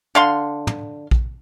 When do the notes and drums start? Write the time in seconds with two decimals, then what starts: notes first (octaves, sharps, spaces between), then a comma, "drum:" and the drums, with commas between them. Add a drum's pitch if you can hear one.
0.15 D3 F5 C6
0.67 drum: tom
1.11 drum: kick A#1